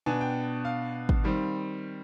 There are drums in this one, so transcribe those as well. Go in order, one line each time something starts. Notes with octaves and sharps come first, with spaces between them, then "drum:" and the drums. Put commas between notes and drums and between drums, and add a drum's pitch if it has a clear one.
B2 B3 D4 G#5
G5
F5
drum: kick
D#3 G3 C4